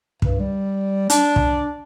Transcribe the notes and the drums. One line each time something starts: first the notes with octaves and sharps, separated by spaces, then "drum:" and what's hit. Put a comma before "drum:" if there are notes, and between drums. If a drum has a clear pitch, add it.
G2, drum: kick
G3
D4, drum: hi-hat
drum: kick